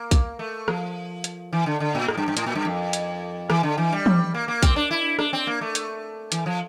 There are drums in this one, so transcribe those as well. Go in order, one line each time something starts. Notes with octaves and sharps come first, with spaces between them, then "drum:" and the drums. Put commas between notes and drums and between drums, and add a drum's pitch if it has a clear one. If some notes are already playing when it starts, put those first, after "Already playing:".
Already playing: A#3
drum: kick, hi-hat
A3
F3, drum: rim click
drum: hi-hat
E3
D3
D3
A#2
A2, drum: rim click
G2
G2
A2, drum: hi-hat
A#2
G2
F2
drum: hi-hat
E3, drum: rim click
D3
E3
G3
drum: tom E3
A#3
A#3
C4, drum: kick, hi-hat
D4
E4
D4, drum: rim click
C4
A#3
A3
drum: hi-hat
E3, drum: hi-hat
F3